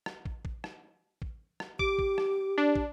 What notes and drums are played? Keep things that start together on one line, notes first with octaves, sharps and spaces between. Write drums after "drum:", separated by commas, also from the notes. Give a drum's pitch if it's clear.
drum: rim click
drum: kick
drum: kick
drum: rim click
drum: kick
drum: rim click
G4 D6, drum: kick
drum: kick
drum: rim click
D4
drum: kick